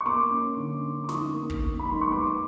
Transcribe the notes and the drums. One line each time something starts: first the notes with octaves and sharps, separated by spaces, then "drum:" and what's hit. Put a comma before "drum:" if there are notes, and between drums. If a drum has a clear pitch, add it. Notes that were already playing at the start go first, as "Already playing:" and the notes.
C#6
A#3 C6 D6
C#4
D3
C#4
D6
D#4 C#6 D#6, drum: snare
A#3
drum: kick
A#3
B5
D#4 C6
C#6
B3 C6 D6